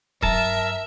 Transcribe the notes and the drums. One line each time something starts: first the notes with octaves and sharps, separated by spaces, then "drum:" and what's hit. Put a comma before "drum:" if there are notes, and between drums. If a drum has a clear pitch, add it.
G2 F#3 D4 A#4 E5 A5, drum: kick D#1